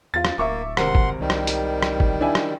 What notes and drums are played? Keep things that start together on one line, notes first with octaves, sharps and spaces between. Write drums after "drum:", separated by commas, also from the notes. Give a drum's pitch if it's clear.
E2 F4 A6
drum: rim click
D1 A#3 E5 C#6 D6
G#1 C3 A#4 F#5 C6, drum: rim click
drum: kick
C2 D#3 G3
drum: rim click
drum: hi-hat
drum: rim click
drum: kick
D4 E4 G#5
drum: rim click